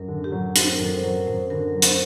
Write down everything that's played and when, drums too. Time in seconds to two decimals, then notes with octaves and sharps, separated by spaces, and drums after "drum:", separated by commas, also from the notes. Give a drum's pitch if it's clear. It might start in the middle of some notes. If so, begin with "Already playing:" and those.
Already playing: F#2 F#3 A#4
0.08 D3
0.24 G4
0.32 F#3
0.56 C4 F#4, drum: hi-hat
0.72 A#4
0.79 F#2 A4
0.94 C5
1.03 F#3 A#4
1.27 F#2 C5
1.50 D3 A#4
1.75 F#3
1.82 C5, drum: hi-hat